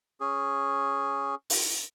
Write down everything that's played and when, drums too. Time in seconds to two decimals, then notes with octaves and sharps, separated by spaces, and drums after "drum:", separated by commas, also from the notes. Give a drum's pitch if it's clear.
0.21 C#4 G#4
1.50 drum: open hi-hat